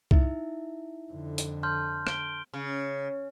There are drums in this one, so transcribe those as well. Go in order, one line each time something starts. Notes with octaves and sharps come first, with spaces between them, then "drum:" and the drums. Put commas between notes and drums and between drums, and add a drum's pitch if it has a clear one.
D#4 E4 E5, drum: kick C2
F2 D3
drum: hi-hat
A5 C6 F6 G6
D7 G7, drum: rim click
C#3